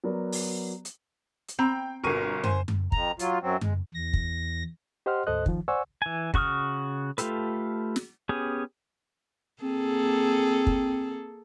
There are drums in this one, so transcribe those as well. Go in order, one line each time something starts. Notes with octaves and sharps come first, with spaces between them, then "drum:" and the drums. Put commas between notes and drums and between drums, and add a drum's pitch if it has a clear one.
F#3 B3 A#4 D5
drum: open hi-hat
drum: hi-hat
drum: hi-hat
C4 G5 A#5
G1 B2 A#4 C#6 D#7
C5 G#5, drum: tom F#2
drum: tom F#2
F2 A#5, drum: kick
F#3 F4, drum: hi-hat
F#2 F#3 C4
G#3, drum: tom F#2
E2 A#6
drum: kick
G4 C5 D#5 F#5 C6 F6
D2 G#2 A4 C5 D#5 F#6
D#3 F3, drum: kick
C5 D5 F#5 G#5 C#6 E6
E3 G#5
C#3 F#4 C#6 D#6 F6, drum: kick
A3 F4 G4 A4 B4, drum: hi-hat
drum: snare
B3 C#4 G4 G#4
A#3 C4 G#4 A4
drum: kick